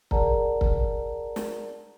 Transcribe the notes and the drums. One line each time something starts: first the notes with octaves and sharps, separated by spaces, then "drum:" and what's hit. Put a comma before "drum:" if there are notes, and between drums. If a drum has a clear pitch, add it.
G#4 A#4 D5 F#5 A5 A#5, drum: kick C#1
drum: kick C#1
drum: snare